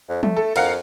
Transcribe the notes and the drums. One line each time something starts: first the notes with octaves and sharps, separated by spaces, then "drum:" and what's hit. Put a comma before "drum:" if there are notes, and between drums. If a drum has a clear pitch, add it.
F2
A3, drum: tom
A4
F2 A#4 F5 F#5, drum: cymbal